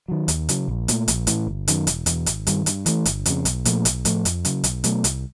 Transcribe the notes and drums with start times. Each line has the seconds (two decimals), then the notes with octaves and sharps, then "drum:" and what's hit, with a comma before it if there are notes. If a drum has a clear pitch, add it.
0.08 D#3 F#3
0.28 D#2, drum: hi-hat
0.49 C#3 F#3, drum: hi-hat
0.68 A#1
0.88 A#2 F3 A3, drum: hi-hat
1.08 A#1, drum: hi-hat
1.27 A2 E3, drum: hi-hat
1.47 G1
1.68 F#2 D#3, drum: hi-hat
1.87 E1, drum: hi-hat
2.06 E2 B2, drum: hi-hat
2.26 G#1, drum: hi-hat
2.47 G2 D#3 G3, drum: hi-hat
2.66 G2, drum: hi-hat
2.86 E3 A3, drum: hi-hat
3.05 G1, drum: hi-hat
3.25 F2 C#3, drum: hi-hat
3.45 B1, drum: hi-hat
3.65 A#2 F3 A3, drum: hi-hat
3.85 B1, drum: hi-hat
4.05 A2 F3 A3, drum: hi-hat
4.25 F2, drum: hi-hat
4.45 C#3 F#3, drum: hi-hat
4.64 B1, drum: hi-hat
4.84 B2 F#3 A3, drum: hi-hat
5.04 C2, drum: hi-hat